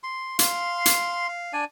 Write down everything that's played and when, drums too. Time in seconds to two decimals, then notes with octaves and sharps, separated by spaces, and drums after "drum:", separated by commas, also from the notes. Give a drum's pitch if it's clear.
0.03 C6
0.39 F5 C6, drum: hi-hat
0.86 drum: hi-hat
1.28 F5
1.53 D4 D5 G#5